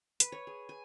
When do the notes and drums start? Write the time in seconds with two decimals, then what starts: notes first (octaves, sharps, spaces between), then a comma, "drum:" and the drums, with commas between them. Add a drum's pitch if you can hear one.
0.20 B4, drum: hi-hat
0.32 C#5
0.47 G#4
0.69 G#5